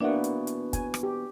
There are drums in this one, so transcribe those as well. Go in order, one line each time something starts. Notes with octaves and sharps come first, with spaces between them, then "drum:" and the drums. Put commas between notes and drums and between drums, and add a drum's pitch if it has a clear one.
B2 E3 A#3 D4 D5 E5 F#5
drum: hi-hat
drum: hi-hat
G#5, drum: kick, hi-hat
drum: rim click
G4